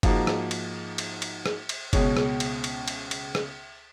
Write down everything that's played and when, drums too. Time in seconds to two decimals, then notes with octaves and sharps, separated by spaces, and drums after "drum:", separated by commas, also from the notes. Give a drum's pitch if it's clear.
0.03 G#2 F3 A#3 D#4 F#4, drum: kick F#1, cymbal
0.27 drum: rim click
0.51 drum: cymbal
0.98 drum: cymbal
1.22 drum: cymbal
1.46 drum: rim click
1.69 drum: cymbal
1.93 C#2 B2 G#3 C#4, drum: kick F#1, cymbal
2.17 drum: rim click
2.40 drum: cymbal
2.64 drum: cymbal
2.88 drum: cymbal
3.11 drum: cymbal
3.35 drum: rim click